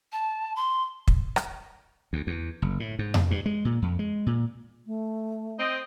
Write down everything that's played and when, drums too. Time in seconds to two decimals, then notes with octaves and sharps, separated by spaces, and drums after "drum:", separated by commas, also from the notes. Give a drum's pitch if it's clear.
0.12 A5
0.56 C6
1.08 drum: kick
1.36 drum: rim click
2.13 D2
2.27 E2
2.62 F#1
2.80 A2
2.99 G#2
3.14 drum: tom F2
3.31 G2
3.46 G#3
3.65 A#2
3.82 F2
3.99 G#3
4.26 A#2
4.86 A3
5.59 C4 D#5